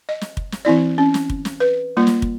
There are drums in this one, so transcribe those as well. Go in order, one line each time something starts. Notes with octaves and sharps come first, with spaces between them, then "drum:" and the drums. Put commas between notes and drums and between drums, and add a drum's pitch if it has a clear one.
D#5
drum: snare
drum: kick
drum: snare
E3 C4 E4 D5
C#4
drum: snare
drum: kick
drum: snare
B4
G3 A#3 F4
drum: snare
drum: kick